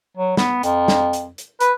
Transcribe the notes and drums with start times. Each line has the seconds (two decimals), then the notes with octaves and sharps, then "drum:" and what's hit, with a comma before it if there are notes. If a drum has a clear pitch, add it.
0.17 F#3
0.37 B3, drum: snare
0.63 F2, drum: hi-hat
0.88 drum: snare
1.13 drum: hi-hat
1.38 drum: hi-hat
1.61 B4, drum: hi-hat